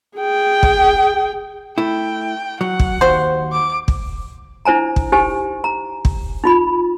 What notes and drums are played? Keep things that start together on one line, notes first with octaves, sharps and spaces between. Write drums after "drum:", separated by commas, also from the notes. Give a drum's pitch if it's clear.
G#4 G5
drum: kick
A3 E4 G5
F#3 F#5
drum: kick
D#2 F#4 C5
D6
drum: kick
D4 E4 C5 G#5 A#5
drum: kick
D#4 G4 C5 G#5
A#5
drum: kick
D#4 F4 B5